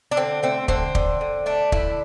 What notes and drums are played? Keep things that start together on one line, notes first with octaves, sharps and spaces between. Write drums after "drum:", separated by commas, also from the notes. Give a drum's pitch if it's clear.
D4
D3 C4
A3 C4
D3 C4, drum: kick
D3, drum: kick
D3
A3 D4
D3 E4, drum: kick